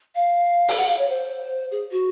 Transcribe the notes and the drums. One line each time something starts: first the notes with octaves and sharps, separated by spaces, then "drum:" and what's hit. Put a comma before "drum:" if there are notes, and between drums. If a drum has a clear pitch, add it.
F5
drum: open hi-hat
F#5
F5
C#5
C5
G#4
F#4